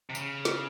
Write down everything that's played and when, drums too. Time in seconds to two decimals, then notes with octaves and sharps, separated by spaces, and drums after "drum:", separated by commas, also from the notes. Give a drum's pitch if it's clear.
0.10 C3
0.15 C#3, drum: tambourine
0.45 drum: snare